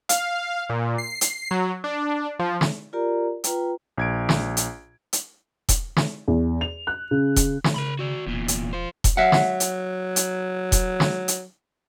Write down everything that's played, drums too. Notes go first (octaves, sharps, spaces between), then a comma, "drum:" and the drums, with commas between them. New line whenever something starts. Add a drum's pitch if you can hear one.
F5, drum: hi-hat
A#2
C7
drum: hi-hat
F#3
D4
F3
drum: snare
F4 G4 A#4 D5 A#5
F4 B4 G5 A#5, drum: hi-hat
A#1 G#6 D7
drum: snare
drum: hi-hat
drum: hi-hat
drum: kick E1, hi-hat
drum: snare
E2
F7
F#6
C#3
drum: kick E1, hi-hat
drum: snare
C#3 A#4 B5
F#4 D5
E1 E2 A#2
drum: hi-hat
F4 C5
drum: kick E1, hi-hat
F#3 E5 F#5
drum: snare
drum: hi-hat
drum: hi-hat
drum: kick E1, hi-hat
drum: snare
drum: hi-hat